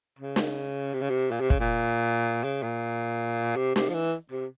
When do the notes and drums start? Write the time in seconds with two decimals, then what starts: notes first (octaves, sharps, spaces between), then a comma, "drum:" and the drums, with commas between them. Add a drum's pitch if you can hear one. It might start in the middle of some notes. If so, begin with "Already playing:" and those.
0.19 C#3
0.36 drum: snare
0.94 C3
1.02 C#3
1.10 C3
1.31 A#2
1.41 C3
1.50 C#3, drum: kick
1.60 A#2
2.44 C#3
2.63 A#2
3.57 C3
3.76 C3, drum: snare
3.89 F3
3.94 E3
4.32 C3